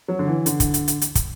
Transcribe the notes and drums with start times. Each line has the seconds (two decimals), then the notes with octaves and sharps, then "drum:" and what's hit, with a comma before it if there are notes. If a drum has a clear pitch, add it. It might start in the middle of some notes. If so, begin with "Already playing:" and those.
0.08 F#3
0.19 D3
0.27 E3
0.46 D3, drum: hi-hat
0.60 drum: kick, hi-hat
0.74 drum: hi-hat
0.88 drum: hi-hat
1.02 drum: hi-hat
1.15 drum: kick, hi-hat